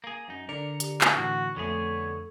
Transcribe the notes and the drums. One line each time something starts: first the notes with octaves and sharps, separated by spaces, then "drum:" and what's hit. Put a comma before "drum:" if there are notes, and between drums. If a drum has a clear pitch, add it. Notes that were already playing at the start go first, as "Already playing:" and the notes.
A#3 G#4
F#2 D#4
D3 A#4 D5 C#7
G4, drum: hi-hat
drum: clap
A2 D3 E3 F#4 F#5
F2 D3 A3 B3 G#4 A4 C#5